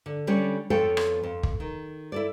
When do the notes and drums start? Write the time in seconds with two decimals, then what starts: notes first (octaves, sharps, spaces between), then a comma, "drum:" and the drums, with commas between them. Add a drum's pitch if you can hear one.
0.06 D3
0.27 D3 G3 C#4 C#5
0.70 F2 F3 B3 A4 C#5 G5
0.97 drum: rim click
1.23 F2
1.43 drum: kick
1.60 D#3
2.12 E4 A4 D5